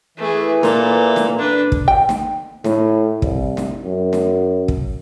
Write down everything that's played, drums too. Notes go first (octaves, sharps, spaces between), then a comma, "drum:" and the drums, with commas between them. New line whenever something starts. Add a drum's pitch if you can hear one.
E3 A3 G#4
A#2 A4, drum: snare
drum: snare
D4 B4
drum: kick
G5
drum: snare
A2, drum: snare
C2, drum: kick
drum: snare
F#2
drum: snare
drum: kick